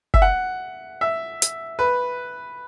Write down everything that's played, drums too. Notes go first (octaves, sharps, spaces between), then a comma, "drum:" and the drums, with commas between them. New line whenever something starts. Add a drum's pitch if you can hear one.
E5, drum: kick F#1
F#5
E5
drum: hi-hat
B4